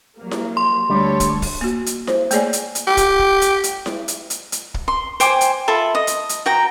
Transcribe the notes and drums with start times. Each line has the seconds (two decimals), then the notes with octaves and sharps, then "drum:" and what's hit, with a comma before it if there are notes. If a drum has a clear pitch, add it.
0.18 F#3 G3 A#3
0.31 drum: snare E4
0.57 C6
0.90 D2 G3 A4 C#5
1.20 drum: kick, hi-hat
1.42 drum: kick, open hi-hat
1.61 A#3 F#4
1.86 drum: hi-hat
2.07 C5, drum: snare E4
2.31 A3 A#3 G#4 C#5 D5 G#5, drum: hi-hat
2.53 drum: hi-hat
2.75 drum: hi-hat
2.87 G4
2.97 drum: kick, hi-hat
3.19 drum: kick
3.41 drum: hi-hat
3.64 drum: hi-hat
3.86 drum: snare E4
4.08 drum: hi-hat
4.30 drum: hi-hat
4.52 drum: hi-hat
4.74 drum: kick
4.88 C6
5.20 C5 G5 G#5 D6, drum: hi-hat
5.41 drum: hi-hat
5.68 F4 A4 E5 B5
5.95 D#5
6.07 drum: hi-hat
6.29 drum: hi-hat
6.46 F#4 G5 A#5